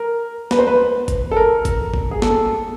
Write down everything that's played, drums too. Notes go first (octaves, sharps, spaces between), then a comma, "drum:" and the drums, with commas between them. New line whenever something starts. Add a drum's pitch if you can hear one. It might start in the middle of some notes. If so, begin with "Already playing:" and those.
Already playing: A#4
B4, drum: snare
C5
B4
drum: kick G1, hi-hat
A4
A#4
drum: kick G1, hi-hat
drum: kick G1
G#4
A4, drum: snare